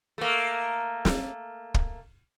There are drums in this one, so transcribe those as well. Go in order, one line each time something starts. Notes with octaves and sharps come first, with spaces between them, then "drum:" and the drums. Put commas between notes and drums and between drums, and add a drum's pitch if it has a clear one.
A3 A#3
drum: snare
drum: kick